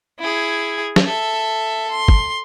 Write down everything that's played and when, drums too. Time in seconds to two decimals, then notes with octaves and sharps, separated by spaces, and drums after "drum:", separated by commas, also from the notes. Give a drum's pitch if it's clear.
0.19 E4 G#4
0.96 drum: snare
1.06 A4 E5
1.91 C6
2.08 drum: kick